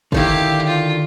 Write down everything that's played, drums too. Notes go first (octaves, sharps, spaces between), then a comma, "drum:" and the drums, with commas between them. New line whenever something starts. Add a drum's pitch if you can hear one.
D3 D#3 E4 G4 F5, drum: kick
F4